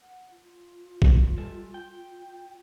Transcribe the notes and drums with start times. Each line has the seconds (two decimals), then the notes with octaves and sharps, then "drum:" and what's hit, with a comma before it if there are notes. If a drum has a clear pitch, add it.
0.01 F#5
0.31 F4
1.02 drum: kick
1.38 G3 A4
1.74 G5